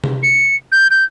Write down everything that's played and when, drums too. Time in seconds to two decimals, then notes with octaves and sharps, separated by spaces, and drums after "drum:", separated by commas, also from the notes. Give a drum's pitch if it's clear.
0.04 drum: tom C3
0.23 C#7
0.72 G6
0.91 G6